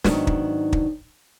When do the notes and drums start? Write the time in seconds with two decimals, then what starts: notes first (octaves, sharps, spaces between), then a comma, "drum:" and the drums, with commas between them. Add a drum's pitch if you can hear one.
0.04 G#2 D#3 F#3 B3 D4, drum: snare
0.27 drum: kick
0.73 drum: kick